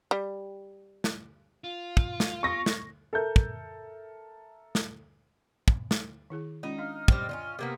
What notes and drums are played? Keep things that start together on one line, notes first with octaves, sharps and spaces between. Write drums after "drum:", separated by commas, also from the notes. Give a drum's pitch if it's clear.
G3
drum: snare
F4
drum: kick
drum: snare
C#6 A#6
drum: snare
A4 A#4 E5 G6
drum: kick
drum: snare
drum: kick
drum: snare
D#3 E4 G#4
G#3 C#4 D#4 F4
D4 D#5 F5 F6
G3 C4 G4, drum: kick
C#4 D#4 F4 D5
C3 A#3 B3